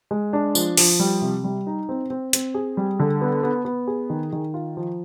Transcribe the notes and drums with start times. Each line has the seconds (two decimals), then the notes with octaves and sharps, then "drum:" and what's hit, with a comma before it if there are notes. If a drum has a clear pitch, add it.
0.11 G#3
0.33 D4
0.55 F3, drum: tambourine
0.77 F3, drum: open hi-hat
0.99 G3
1.21 C3
1.44 G3
1.67 D#4
1.89 C4
2.10 C4
2.33 C4, drum: hi-hat
2.54 G#4
2.77 G3
3.00 D3
3.21 B3
3.43 B3
3.65 B3
3.87 G#4
4.10 D#3
4.33 D#3
4.54 F4
4.77 F3